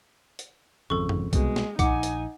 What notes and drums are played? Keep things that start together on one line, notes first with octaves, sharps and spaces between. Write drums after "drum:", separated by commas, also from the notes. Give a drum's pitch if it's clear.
drum: hi-hat
G#1 F2 C#3 A4 C#6
drum: tom F#2
C2 B2 G#3, drum: kick, hi-hat
drum: snare
A#1 D#4 F#5 G#5 D6, drum: kick, hi-hat
drum: hi-hat